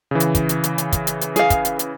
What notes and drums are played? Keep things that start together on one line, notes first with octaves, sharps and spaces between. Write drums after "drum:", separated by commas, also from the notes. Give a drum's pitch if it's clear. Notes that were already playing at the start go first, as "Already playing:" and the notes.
C#3 E3
drum: hi-hat
drum: kick, hi-hat
drum: hi-hat
drum: hi-hat
drum: hi-hat
drum: kick, hi-hat
drum: hi-hat
drum: hi-hat
G#4 F5, drum: hi-hat
drum: kick, hi-hat
drum: hi-hat
drum: hi-hat